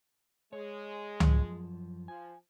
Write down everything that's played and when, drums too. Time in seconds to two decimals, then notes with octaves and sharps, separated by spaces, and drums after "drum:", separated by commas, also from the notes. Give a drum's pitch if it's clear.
0.53 G#3 C#5
1.20 drum: tom C#2
1.30 F#2 F3
2.08 F3 G#5